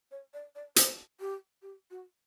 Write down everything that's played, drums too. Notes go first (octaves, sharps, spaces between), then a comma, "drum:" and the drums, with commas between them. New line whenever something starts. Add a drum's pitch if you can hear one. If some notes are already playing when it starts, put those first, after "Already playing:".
C#5
D5
D5
C5, drum: hi-hat
G4
G4
F#4